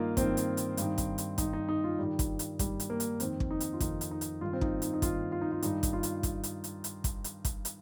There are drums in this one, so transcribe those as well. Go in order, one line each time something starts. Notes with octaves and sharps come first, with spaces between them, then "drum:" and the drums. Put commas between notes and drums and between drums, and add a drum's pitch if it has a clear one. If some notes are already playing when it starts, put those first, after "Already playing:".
Already playing: G2 D#3 A#3 D#4 F4
G2 D#3 C4, drum: kick, hi-hat
drum: hi-hat
drum: hi-hat
G2 D#3, drum: hi-hat
drum: kick, hi-hat
drum: hi-hat
G2 D#3 D#4, drum: kick, hi-hat
D#4
D#4
F4
G2 D#3 G3
drum: kick, hi-hat
drum: hi-hat
G2 D#3 G3, drum: kick, hi-hat
drum: hi-hat
A#3
drum: hi-hat
F2 D#3 C4, drum: hi-hat
drum: kick
D#4
drum: hi-hat
F4
F2 D#3 D#4, drum: kick, hi-hat
drum: hi-hat
D#4
drum: hi-hat
G2 D#3 F4
C4
D#4, drum: kick
D#4, drum: hi-hat
D#4
G2 D#3 F4, drum: kick, hi-hat
F4
D#4
F4
G2 D#3 D#4, drum: hi-hat
drum: kick, hi-hat
F4
drum: hi-hat
drum: kick, hi-hat
drum: hi-hat
drum: hi-hat
drum: hi-hat
drum: kick, hi-hat
drum: hi-hat
drum: kick, hi-hat
drum: hi-hat